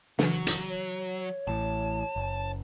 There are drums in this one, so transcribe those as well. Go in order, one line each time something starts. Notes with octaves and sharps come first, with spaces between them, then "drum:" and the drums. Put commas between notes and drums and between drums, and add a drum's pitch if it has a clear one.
C#3 E3 F#3, drum: snare
drum: hi-hat
C#5
A1 A2 A5
F#1